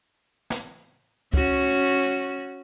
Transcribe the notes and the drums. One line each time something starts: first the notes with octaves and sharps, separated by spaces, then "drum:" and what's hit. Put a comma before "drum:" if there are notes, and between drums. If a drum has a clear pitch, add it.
drum: snare
C#4 F#4, drum: kick C#2